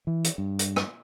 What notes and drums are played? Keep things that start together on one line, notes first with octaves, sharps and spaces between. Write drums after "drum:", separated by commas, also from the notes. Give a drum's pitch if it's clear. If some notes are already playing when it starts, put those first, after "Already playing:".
E3
drum: hi-hat
G2
drum: hi-hat
drum: rim click